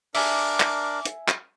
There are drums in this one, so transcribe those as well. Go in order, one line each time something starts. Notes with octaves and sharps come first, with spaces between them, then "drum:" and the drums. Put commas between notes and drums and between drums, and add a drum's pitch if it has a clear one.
D4 A#4 E5 G#5 D6, drum: open hi-hat
drum: clap
drum: hi-hat
drum: clap